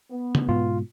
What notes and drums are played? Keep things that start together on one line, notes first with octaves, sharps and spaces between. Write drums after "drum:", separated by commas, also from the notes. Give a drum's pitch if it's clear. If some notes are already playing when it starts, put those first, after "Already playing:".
B3
drum: tom C#3
G#2 B2 F4